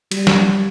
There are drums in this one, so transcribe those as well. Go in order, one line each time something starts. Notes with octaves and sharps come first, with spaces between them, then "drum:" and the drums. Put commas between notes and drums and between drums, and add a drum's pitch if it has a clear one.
G3, drum: cymbal
drum: snare